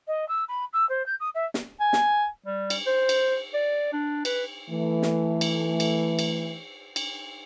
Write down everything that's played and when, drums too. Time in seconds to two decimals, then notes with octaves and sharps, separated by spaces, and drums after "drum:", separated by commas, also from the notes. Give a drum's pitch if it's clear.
0.08 D#5
0.29 E6
0.48 B5
0.73 E6
0.89 C5
1.06 G6
1.20 D#6
1.35 E5
1.54 drum: snare
1.80 G#5
1.93 drum: snare
2.46 G3
2.70 drum: cymbal
2.87 C5
3.09 drum: cymbal
3.54 D5
3.93 D4
4.25 B4, drum: cymbal
4.69 E3 A3
5.03 drum: snare
5.41 drum: cymbal
5.80 drum: cymbal
6.19 drum: cymbal
6.96 drum: cymbal